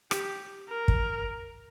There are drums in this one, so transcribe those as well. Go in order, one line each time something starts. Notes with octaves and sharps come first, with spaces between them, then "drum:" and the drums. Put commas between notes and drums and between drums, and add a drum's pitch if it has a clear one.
G4, drum: rim click
A#4
drum: kick